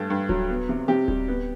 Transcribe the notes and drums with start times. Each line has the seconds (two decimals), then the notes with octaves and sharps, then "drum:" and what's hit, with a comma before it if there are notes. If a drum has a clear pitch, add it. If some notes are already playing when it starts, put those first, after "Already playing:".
Already playing: G2 A3
0.10 G2
0.29 F#3, drum: kick D1
0.49 B3
0.69 C3
0.88 C3 G4
1.08 G3, drum: kick D1
1.28 B3